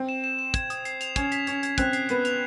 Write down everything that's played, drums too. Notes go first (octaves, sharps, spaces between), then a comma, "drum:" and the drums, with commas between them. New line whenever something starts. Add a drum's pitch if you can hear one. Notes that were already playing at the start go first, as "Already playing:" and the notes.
Already playing: C4
E7
E7
E7
G#6, drum: kick, hi-hat
D#6, drum: hi-hat
C7, drum: hi-hat
F7, drum: hi-hat
C#4 G#6, drum: kick, hi-hat
B6, drum: hi-hat
C#4 G#6, drum: hi-hat
G#6, drum: hi-hat
C4 F#6, drum: kick, hi-hat
C7, drum: hi-hat
B3 C7, drum: hi-hat
F7, drum: hi-hat